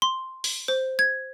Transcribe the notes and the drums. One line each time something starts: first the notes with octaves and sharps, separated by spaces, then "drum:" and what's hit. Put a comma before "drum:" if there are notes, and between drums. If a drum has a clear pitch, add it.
C6
drum: open hi-hat
C5
G#6